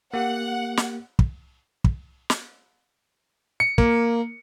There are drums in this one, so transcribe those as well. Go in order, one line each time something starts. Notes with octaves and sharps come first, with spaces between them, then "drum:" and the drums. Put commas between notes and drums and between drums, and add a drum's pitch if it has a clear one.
A#3 G4 F#5
drum: snare
drum: kick
drum: kick
drum: snare
C#7
A#3, drum: kick